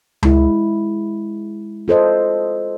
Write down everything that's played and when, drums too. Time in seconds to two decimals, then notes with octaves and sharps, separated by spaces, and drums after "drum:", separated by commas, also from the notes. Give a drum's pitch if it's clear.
0.23 G#3 E4, drum: tom C#2
1.88 F4 A4 C5 D#5